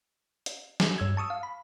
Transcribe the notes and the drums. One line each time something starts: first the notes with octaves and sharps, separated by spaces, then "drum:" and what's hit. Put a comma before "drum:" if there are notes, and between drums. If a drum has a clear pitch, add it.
drum: hi-hat
drum: snare
G2 E6 G#6
A5 C#6 D#6 E6
F5
B5